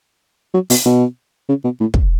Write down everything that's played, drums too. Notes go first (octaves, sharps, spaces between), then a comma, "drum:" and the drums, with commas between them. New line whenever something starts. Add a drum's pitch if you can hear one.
F#3
B2, drum: open hi-hat
B2
C#3
B2
A2
drum: kick